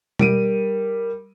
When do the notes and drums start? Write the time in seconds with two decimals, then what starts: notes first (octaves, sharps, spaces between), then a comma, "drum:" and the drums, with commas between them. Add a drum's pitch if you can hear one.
0.19 G3 A#4 D7 D#7, drum: tom B2